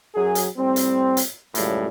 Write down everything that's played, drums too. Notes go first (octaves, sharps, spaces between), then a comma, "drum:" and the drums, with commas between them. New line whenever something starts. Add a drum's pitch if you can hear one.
F#2 F#3 G#4
drum: hi-hat
A2 G3 C4
drum: hi-hat
drum: hi-hat
C#2 F#2 A2 C#3 G3, drum: hi-hat